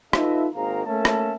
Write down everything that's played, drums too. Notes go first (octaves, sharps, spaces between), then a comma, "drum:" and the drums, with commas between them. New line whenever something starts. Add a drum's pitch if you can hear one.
D#4 F4 A4 B4 D#5 E5, drum: rim click
G#1 G#2 D#3 A#3 F5 A#5
A3 A#3 C#4 E5 A5
drum: rim click